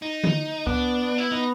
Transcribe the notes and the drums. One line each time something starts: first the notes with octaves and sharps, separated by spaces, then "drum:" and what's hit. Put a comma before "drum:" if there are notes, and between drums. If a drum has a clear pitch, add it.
D#4
drum: tom D3
B3 D4, drum: kick C#2
E4
B3 D#4